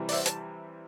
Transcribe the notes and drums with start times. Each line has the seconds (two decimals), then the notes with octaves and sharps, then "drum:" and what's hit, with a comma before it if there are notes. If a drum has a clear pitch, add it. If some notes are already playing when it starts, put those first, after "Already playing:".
Already playing: C3 E3 G3
0.09 D5, drum: open hi-hat
0.13 C5 E5
0.26 A5, drum: hi-hat